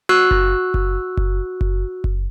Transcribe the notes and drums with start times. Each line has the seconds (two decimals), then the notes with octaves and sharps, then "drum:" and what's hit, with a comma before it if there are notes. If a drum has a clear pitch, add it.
0.09 F#4 E6 F#6
0.31 drum: kick F#1
0.74 drum: kick F#1
1.18 drum: kick F#1
1.61 drum: kick F#1
2.04 drum: kick F#1